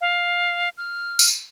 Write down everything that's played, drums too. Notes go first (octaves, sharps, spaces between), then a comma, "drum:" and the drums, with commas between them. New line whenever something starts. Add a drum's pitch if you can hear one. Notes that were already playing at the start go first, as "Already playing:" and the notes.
F5
F6
drum: tambourine